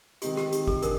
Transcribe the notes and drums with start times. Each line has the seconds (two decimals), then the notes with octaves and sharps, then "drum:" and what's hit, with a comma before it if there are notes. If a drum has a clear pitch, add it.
0.22 D#3 G#3 C4 D#4 G4, drum: hi-hat
0.37 G4, drum: rim click
0.53 G4, drum: hi-hat
0.67 G#4, drum: kick
0.82 D4 G#4 A#4, drum: hi-hat